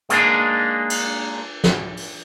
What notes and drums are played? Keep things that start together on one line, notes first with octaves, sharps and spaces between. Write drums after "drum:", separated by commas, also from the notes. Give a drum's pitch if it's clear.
G#3 A#3 D4 D#4 G#4, drum: hi-hat
drum: cymbal
drum: snare
drum: open hi-hat